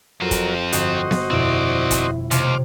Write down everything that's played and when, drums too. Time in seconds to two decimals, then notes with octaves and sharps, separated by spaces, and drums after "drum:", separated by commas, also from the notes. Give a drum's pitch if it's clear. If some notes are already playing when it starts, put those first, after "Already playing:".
0.22 F2 F#3 C4 F4 A#4
0.31 drum: kick, hi-hat
0.72 G1 F#4 C5 D#5, drum: hi-hat
1.11 drum: snare B3
1.31 G1 F2 B2 C4 E4 D5
1.91 drum: kick, hi-hat
2.31 D#2 C3 F4 C6 D6 F6 E7, drum: hi-hat